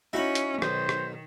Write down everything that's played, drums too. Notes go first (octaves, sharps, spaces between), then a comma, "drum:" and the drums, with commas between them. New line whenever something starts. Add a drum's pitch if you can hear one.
C#4 D#4 E4 F#4 B5
drum: hi-hat
B1 D#3 C5, drum: rim click
drum: rim click